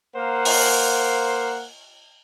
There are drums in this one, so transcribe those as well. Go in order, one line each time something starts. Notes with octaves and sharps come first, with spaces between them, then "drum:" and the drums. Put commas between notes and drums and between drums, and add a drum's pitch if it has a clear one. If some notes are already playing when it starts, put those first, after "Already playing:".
A#3 A#4 C5 F5 F#5
drum: open hi-hat